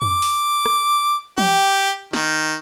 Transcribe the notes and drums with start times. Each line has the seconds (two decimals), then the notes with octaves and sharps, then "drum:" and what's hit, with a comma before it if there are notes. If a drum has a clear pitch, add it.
0.02 D6, drum: tom
0.22 drum: open hi-hat
0.66 drum: rim click
1.38 G4, drum: tom
2.13 D#3, drum: snare